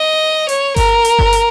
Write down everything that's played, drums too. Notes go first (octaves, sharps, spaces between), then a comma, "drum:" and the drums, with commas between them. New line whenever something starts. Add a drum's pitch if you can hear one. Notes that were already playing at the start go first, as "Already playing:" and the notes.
Already playing: D#5
C#5, drum: hi-hat
A#4, drum: kick G1, open hi-hat
drum: hi-hat
drum: kick G1
drum: hi-hat